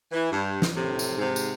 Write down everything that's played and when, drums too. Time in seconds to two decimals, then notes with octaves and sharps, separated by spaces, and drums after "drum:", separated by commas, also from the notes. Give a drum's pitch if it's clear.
0.12 E3
0.32 G2
0.62 drum: snare
0.72 A2 C3
0.99 drum: tambourine
1.18 G#2 C3
1.36 drum: tambourine